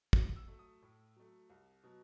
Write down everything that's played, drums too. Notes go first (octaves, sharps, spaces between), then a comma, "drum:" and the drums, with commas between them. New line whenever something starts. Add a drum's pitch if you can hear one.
A2 D#6, drum: kick
E6
F#3 A3
D#6
A2
F#3 A3
C2
B2 F#3